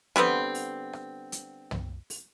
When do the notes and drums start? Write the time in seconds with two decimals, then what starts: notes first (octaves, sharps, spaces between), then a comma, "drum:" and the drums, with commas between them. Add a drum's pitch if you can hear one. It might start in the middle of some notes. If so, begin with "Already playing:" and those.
0.16 D3 G3 B3 C4, drum: tom
0.55 drum: open hi-hat
0.93 drum: rim click
1.32 drum: hi-hat
1.71 drum: tom
2.10 drum: open hi-hat